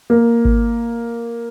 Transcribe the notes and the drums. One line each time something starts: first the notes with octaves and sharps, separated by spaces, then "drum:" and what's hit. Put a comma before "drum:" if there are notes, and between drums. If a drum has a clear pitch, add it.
A#3
drum: kick G#1